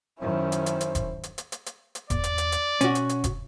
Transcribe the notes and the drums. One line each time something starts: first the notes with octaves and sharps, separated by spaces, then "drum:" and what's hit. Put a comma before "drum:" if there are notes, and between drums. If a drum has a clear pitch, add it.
F#2 D#3 C#4 E4 C5
drum: hi-hat
drum: hi-hat
drum: hi-hat
drum: kick E1, hi-hat
drum: hi-hat
drum: hi-hat
drum: hi-hat
drum: hi-hat
drum: hi-hat
E2 D5, drum: kick E1, hi-hat
drum: hi-hat
drum: hi-hat
drum: hi-hat
B2 C#4 F#4, drum: hi-hat
drum: hi-hat
drum: hi-hat
drum: kick E1, hi-hat